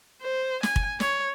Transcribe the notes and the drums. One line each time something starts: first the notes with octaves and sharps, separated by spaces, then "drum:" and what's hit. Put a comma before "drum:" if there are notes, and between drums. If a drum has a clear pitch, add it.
C5
G#5, drum: snare
drum: kick
C#5, drum: snare